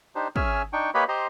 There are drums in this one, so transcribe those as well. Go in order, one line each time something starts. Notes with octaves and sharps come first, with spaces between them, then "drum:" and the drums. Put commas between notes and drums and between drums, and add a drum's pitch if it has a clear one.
D4 D#4 G4 C5
C#4 G#4 E5 G#5 E6 F6, drum: kick
D4 D#4 G5 C#6
A#3 G4 B4 C#5 D#5 B5
G4 C5 D#5 A#5 C6